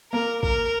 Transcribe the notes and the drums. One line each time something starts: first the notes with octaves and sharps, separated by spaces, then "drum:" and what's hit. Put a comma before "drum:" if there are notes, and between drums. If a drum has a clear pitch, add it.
A#3 A#4
A#4, drum: kick